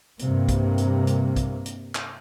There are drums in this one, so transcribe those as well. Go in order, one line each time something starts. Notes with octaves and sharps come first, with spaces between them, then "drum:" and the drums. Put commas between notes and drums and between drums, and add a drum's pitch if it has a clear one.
G2 C3 A#3, drum: hi-hat
drum: kick, hi-hat
drum: hi-hat
drum: hi-hat
drum: kick, hi-hat
drum: hi-hat
drum: clap